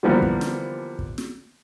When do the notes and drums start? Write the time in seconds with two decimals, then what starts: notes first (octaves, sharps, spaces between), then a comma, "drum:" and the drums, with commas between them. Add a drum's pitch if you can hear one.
0.03 D3 E3 F3 G3 A#3 B3
0.22 drum: kick
0.41 drum: snare
0.99 drum: kick
1.18 drum: snare